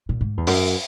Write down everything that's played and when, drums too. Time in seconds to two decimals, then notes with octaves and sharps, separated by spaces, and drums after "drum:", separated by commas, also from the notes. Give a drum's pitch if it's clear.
0.09 A#2
0.21 G#2
0.37 E2
0.47 F#2, drum: open hi-hat